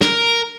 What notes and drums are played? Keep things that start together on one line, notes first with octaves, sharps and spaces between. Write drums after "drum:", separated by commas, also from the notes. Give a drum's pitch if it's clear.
A#4, drum: snare